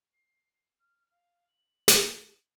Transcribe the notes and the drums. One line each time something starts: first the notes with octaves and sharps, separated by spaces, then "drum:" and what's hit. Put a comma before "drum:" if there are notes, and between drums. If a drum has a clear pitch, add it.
C7
F6
F5
F#7
drum: snare